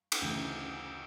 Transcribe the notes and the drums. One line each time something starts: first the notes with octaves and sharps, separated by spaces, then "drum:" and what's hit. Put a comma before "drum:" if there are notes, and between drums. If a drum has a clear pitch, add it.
drum: cymbal
D2 C#3 E3